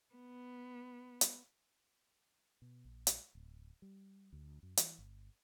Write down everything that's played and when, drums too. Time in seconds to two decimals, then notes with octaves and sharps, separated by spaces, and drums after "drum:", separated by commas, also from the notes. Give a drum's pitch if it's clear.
0.14 B3
1.21 drum: hi-hat
2.62 B2
2.85 A#1
3.07 drum: hi-hat
3.35 D1
3.82 G3
4.33 D2
4.63 F#2
4.77 E3, drum: hi-hat
4.98 G1